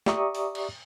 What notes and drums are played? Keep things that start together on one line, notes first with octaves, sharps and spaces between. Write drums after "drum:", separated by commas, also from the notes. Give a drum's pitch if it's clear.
G4 D5 E5 A#5 C#6 D#6, drum: snare
drum: open hi-hat
drum: cymbal